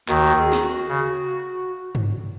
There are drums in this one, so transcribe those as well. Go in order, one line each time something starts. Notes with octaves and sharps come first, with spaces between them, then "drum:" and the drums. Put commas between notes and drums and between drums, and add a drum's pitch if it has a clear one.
D#2 D#3 F#4, drum: clap
A#4
G#4
drum: snare
F#4
C#3
drum: tom G2